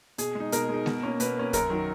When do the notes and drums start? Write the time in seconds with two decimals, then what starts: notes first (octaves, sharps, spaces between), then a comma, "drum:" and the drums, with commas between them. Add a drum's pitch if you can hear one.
0.18 B2 G#4, drum: hi-hat
0.35 G#3 D#4
0.52 B2 A#4, drum: hi-hat
0.69 G#3 D#4
0.86 B2, drum: snare G#3
1.03 A#3 C#4
1.20 B2 B4, drum: hi-hat
1.37 A#3 C#4
1.53 F#2 A#4, drum: kick B1, hi-hat
1.70 D#3 F#3